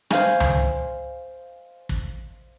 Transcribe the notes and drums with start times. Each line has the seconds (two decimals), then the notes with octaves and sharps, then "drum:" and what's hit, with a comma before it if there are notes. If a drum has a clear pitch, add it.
0.10 C5 F5 G#5, drum: rim click
0.40 drum: tom C#2
1.89 drum: kick